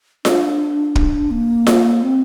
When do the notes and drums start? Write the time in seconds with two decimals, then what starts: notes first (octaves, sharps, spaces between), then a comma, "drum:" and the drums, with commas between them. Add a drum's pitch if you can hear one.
0.25 D4, drum: snare F4
0.96 drum: kick
1.31 A#3
1.67 drum: snare F4
2.02 C4